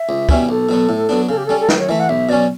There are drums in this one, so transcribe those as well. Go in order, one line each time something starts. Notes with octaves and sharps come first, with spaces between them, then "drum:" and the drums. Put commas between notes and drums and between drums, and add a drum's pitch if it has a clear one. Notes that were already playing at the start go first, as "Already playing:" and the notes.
Already playing: E5
C#2
B2 G3 C#4 E4, drum: kick
B1 A4
B2 F#3 B3
A2
F#3 B3 D4
C#3 A4
G4
G3 C#4 A4
A4
F#2 B4, drum: snare
C#5
E3 A3 E5
F#5
B1 E5
B2 F#3 C#4 D5